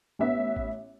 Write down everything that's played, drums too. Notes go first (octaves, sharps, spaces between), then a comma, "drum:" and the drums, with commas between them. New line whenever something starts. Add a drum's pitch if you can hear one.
A1 B3 E5
drum: kick A1